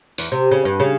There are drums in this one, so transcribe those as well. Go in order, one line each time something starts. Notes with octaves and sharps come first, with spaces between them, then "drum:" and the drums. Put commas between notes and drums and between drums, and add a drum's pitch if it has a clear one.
E2, drum: tambourine
C3
C#3
G2
C#3